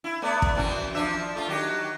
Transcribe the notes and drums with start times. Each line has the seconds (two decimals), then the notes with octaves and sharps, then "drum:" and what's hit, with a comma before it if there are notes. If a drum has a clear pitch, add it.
0.04 E4
0.22 A3 B3 D5
0.42 drum: kick
0.55 F#2 E3 C4
0.95 F3 D4 E5
1.36 A3 F4
1.47 D#3 F#3 G4